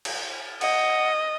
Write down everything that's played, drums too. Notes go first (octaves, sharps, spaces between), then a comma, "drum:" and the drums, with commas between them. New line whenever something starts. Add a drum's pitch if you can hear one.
drum: cymbal
D#5 F#5, drum: cymbal